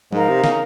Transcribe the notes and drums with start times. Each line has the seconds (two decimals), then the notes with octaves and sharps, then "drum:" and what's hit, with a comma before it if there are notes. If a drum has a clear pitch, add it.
0.13 G#2 D#4 A#4 F5 A#5, drum: tom F3
0.29 C3
0.44 C#3, drum: snare